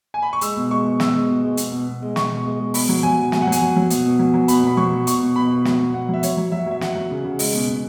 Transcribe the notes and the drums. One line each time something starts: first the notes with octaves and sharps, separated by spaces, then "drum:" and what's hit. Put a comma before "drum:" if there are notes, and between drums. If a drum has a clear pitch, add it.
G#5
B5
C#6
G#3 E6, drum: hi-hat
B2
G#3 C#6
B2
B2 E6, drum: snare
G#3
B2
G#3
B2, drum: hi-hat
B2
B2
G#3
B2 C#6, drum: snare
B2
G#3
G#3
B2 B5, drum: open hi-hat
F#3
F#3 G#5
B2
F#3 G#5, drum: snare
F#5
F#3
G#5, drum: hi-hat
F#3
F#3
B2, drum: hi-hat
B2
F#3
F#3
B2 B5, drum: hi-hat
B2 B5
F#3 C#6
B2
B2 C#6, drum: hi-hat
B2
B2 B5
B2
F#3, drum: snare
B2
B2 F#5
F#3 E5
F#3 C#5, drum: hi-hat
F#3
F#3 E5
F#3 E5
F#3 F#5, drum: snare
F#3
C#3
C#3
G#3, drum: open hi-hat
B2
B2